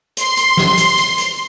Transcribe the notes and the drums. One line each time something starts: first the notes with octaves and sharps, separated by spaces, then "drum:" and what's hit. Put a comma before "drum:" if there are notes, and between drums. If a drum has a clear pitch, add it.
C6, drum: hi-hat
drum: hi-hat
drum: snare
drum: hi-hat
drum: hi-hat
drum: hi-hat